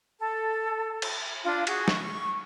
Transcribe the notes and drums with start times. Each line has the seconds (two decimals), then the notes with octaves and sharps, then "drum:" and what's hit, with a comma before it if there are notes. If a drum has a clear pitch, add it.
0.19 A4
1.02 drum: cymbal
1.45 D4 F4
1.67 F#4 G#4, drum: cymbal
1.88 C#6, drum: snare